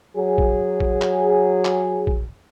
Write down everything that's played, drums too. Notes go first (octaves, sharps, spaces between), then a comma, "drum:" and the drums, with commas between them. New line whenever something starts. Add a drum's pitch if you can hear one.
F#3 G#4
drum: kick A#1
drum: kick A#1
drum: clap
drum: clap
drum: kick A#1